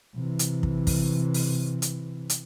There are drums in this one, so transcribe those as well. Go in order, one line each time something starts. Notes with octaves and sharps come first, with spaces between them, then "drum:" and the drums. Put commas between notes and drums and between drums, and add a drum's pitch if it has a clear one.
C3 E3
drum: hi-hat
drum: kick
drum: kick, open hi-hat
drum: open hi-hat
drum: hi-hat
drum: hi-hat